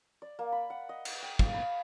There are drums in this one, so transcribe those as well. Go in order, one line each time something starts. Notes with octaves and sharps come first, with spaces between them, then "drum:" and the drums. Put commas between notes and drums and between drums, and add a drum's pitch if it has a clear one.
D5
A#3
B5
F#5
D#5
drum: cymbal
G5
F5, drum: kick
B5